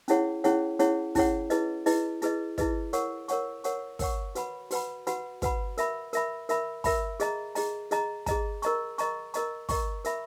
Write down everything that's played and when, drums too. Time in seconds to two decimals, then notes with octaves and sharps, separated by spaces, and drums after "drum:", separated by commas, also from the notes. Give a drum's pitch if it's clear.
0.08 C#4 E4 G#4 C#5 F#5, drum: hi-hat
0.44 C#4 E4 G#4 C#5 F#5, drum: hi-hat
0.79 C#4 E4 G#4 C#5 F#5, drum: hi-hat
1.15 C#4 E4 G#4 C#5 F#5, drum: kick, open hi-hat
1.50 E4 G#4 B4 D#5, drum: hi-hat
1.86 E4 G#4 B4 D#5, drum: open hi-hat
2.22 E4 G#4 B4 D#5, drum: hi-hat
2.58 E4 G#4 B4 D#5, drum: kick, hi-hat
2.93 A#4 C#5 F#5 C#6, drum: hi-hat
3.28 A#4 C#5 F#5 C#6, drum: hi-hat
3.64 A#4 C#5 F#5 C#6, drum: hi-hat
3.99 A#4 C#5 F#5 C#6, drum: kick, open hi-hat
4.35 F#4 B4 F#5 B5, drum: hi-hat
4.71 F#4 B4 F#5 B5, drum: open hi-hat
5.07 F#4 B4 F#5 B5, drum: hi-hat
5.42 F#4 B4 F#5 B5, drum: kick, hi-hat
5.77 A#4 E5 B5, drum: hi-hat
6.13 A#4 E5 B5, drum: hi-hat
6.49 A#4 E5 B5, drum: hi-hat
6.84 A#4 E5 B5, drum: kick, open hi-hat
7.20 G#4 D#5 A#5, drum: hi-hat
7.55 G#4 D#5 A#5, drum: open hi-hat
7.91 G#4 D#5 A#5, drum: hi-hat
8.26 G#4 D#5 A#5, drum: kick, hi-hat
8.62 A#4 D#5 A#5 C#6, drum: hi-hat
8.98 A#4 D#5 A#5 C#6, drum: hi-hat
9.34 A#4 D#5 A#5 C#6, drum: hi-hat
9.69 A#4 D#5 A#5 C#6, drum: kick, open hi-hat
10.05 A#4 E5 B5, drum: hi-hat